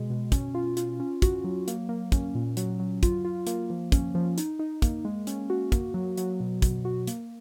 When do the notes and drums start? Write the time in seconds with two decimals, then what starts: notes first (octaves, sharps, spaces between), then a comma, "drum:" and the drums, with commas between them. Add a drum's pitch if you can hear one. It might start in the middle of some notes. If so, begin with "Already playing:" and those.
Already playing: B2 G#3
0.10 B2
0.32 C#4, drum: kick, hi-hat
0.55 F4
0.77 F4, drum: hi-hat
1.00 C#4
1.22 F#4, drum: kick, hi-hat
1.44 F#3
1.68 A#3, drum: hi-hat
1.89 A#3
2.12 C#4, drum: kick, hi-hat
2.35 A#2
2.57 F#3, drum: hi-hat
2.80 F#3
3.03 F4, drum: kick, hi-hat
3.25 F4
3.47 A#3, drum: hi-hat
3.70 F3
3.92 C#4, drum: kick, hi-hat
4.15 F3
4.38 D#4, drum: hi-hat
4.59 D#4
4.82 A#3, drum: kick, hi-hat
5.05 G#3
5.27 C#4, drum: hi-hat
5.50 F#4
5.72 A#3, drum: kick, hi-hat
5.94 F#3
6.18 F#3, drum: hi-hat
6.40 B2
6.62 B2, drum: kick, hi-hat
6.85 F#4
7.07 A#3, drum: hi-hat